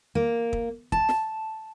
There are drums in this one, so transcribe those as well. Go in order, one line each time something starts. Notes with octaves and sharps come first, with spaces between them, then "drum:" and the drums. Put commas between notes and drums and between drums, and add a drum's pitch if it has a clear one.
A#3
drum: kick
A5, drum: kick
drum: snare